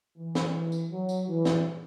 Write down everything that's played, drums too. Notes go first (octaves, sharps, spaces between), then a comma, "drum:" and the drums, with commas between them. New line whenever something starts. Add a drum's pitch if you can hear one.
E3
drum: snare
drum: tambourine
F#3
drum: tambourine
E3
drum: snare